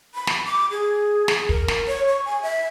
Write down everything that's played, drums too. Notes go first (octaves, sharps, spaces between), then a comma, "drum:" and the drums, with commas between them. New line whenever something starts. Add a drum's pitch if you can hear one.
B5
drum: snare
D6
G#4
drum: snare
A#4, drum: kick
drum: snare
C#5
C#6
G#5
E5